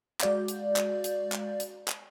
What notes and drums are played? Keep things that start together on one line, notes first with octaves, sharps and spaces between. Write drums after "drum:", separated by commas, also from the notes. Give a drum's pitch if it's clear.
G#3 F#4 D5 F5 G6, drum: clap
drum: hi-hat
drum: clap
drum: hi-hat
drum: clap
drum: hi-hat
drum: clap